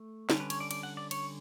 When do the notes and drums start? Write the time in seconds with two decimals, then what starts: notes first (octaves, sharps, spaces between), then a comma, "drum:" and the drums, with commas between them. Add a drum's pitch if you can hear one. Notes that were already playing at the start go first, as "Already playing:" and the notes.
Already playing: A3
0.30 D3 G3 C#4 D4, drum: snare
0.40 B4
0.50 C#5, drum: cymbal
0.60 D5
0.71 D5, drum: cymbal
0.83 F#5
0.97 D5
1.11 C#5, drum: cymbal